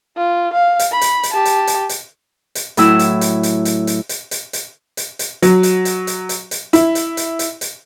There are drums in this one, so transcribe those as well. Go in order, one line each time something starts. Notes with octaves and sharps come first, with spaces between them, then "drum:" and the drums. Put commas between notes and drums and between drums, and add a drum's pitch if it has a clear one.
F4
F5
drum: hi-hat
B5
drum: hi-hat
drum: hi-hat
G4 A5
drum: hi-hat
drum: hi-hat
drum: hi-hat
drum: hi-hat
A2 F#3 E4 E6, drum: hi-hat
drum: hi-hat
drum: hi-hat
drum: hi-hat
drum: hi-hat
drum: hi-hat
drum: hi-hat
drum: hi-hat
drum: hi-hat
drum: hi-hat
drum: hi-hat
F#3, drum: hi-hat
drum: hi-hat
drum: hi-hat
drum: hi-hat
drum: hi-hat
drum: hi-hat
E4, drum: hi-hat
drum: hi-hat
drum: hi-hat
drum: hi-hat
drum: hi-hat